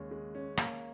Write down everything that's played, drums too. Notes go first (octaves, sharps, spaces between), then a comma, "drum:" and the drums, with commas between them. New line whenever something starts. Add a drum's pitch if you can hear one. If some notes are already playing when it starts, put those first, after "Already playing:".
Already playing: D#2 C#3 G#3 C#4
G#3
C#4
A#3, drum: rim click